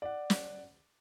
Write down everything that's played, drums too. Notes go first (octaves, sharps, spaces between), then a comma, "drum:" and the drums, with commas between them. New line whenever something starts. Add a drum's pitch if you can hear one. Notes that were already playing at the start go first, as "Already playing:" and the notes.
D5 F#5
drum: snare